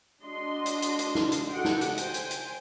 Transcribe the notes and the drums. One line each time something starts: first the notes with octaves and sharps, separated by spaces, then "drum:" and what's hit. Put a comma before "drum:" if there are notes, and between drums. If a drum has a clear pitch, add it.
D4 F#4 D#5 C6
drum: hi-hat
drum: hi-hat
drum: hi-hat
drum: snare
drum: hi-hat
F#4 G4 A4 D#5 F#5 G5
drum: snare
drum: hi-hat
C5 G5 G#5, drum: hi-hat
drum: hi-hat
drum: hi-hat